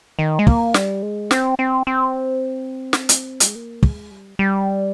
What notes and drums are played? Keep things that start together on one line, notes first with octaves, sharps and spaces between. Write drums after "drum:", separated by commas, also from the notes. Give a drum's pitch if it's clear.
D#3
G#3
A#3, drum: kick
G3, drum: snare
G#3
C4, drum: snare
C4
C4
drum: snare
drum: hi-hat
G3, drum: hi-hat
G#3
A#3
G#3, drum: kick
G3
G3